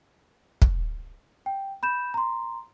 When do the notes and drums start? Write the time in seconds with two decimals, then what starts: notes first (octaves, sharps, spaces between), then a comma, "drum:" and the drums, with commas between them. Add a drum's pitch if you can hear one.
0.62 drum: kick
1.46 G5
1.83 B5 G6 E7
2.14 A#5 C6